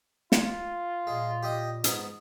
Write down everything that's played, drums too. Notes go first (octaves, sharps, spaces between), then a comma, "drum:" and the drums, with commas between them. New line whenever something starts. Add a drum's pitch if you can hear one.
F4, drum: snare
A#2 G#3
G4 D#5
G#2 B3 F#5, drum: hi-hat